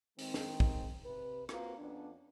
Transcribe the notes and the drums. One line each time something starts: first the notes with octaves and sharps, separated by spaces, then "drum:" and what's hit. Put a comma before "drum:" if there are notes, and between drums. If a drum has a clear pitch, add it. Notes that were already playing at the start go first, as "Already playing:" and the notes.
D#3 G#3 C4, drum: open hi-hat
drum: snare
drum: kick
C3 B4
A#3 C4 F4 F#4 A#4 B4, drum: rim click
F2 B3 C#4 D4